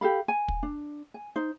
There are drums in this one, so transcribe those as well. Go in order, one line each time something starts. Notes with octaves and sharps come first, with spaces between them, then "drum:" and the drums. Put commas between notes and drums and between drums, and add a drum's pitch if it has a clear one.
G4 A4 F5 B5
G#5
drum: kick
D4
G#5
D#4 C5